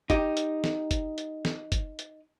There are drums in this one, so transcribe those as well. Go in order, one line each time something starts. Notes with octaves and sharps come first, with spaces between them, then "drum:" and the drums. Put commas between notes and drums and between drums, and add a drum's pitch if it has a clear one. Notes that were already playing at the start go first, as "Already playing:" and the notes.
D#4 G4, drum: kick, hi-hat
drum: hi-hat
drum: snare
drum: kick, hi-hat
drum: hi-hat
drum: snare
drum: kick, hi-hat
drum: hi-hat